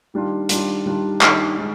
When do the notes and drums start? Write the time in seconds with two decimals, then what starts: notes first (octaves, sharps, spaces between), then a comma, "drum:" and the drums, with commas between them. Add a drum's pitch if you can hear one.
0.14 D#3 G3 D4 F4
0.49 D#3 G3 D4 F4, drum: hi-hat
0.86 D#3 G3 D4 F4
1.21 D#3 G3 D4 F4, drum: clap
1.57 D#3 G#3